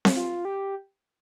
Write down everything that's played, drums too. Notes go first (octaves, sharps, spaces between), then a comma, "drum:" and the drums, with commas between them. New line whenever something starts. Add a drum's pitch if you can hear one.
drum: snare C4
F4
G4